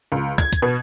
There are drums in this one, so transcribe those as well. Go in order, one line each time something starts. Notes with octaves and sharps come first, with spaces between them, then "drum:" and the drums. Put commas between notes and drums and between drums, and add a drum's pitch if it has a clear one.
C#2
G#6, drum: kick, hi-hat
drum: kick, hi-hat
B2